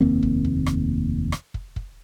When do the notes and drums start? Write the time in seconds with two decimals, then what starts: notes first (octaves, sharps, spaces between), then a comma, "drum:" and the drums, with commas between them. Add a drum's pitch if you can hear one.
0.01 F1 D#2 A#3 C4
0.23 drum: kick
0.44 drum: kick
0.66 drum: rim click
1.32 drum: rim click
1.54 drum: kick
1.76 drum: kick